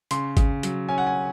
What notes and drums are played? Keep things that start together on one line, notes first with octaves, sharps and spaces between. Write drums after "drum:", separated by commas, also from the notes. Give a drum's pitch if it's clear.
C#3 C6, drum: hi-hat
C#3, drum: kick, hi-hat
F#3, drum: hi-hat
C#4 G#5
F#5
G#5